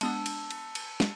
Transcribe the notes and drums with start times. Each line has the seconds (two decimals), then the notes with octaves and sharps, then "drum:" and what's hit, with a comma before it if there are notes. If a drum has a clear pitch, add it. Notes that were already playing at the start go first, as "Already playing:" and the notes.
0.01 G#3 B3 D4 A5 E6, drum: cymbal
0.26 drum: cymbal
0.51 drum: cymbal
0.75 drum: cymbal
1.00 drum: snare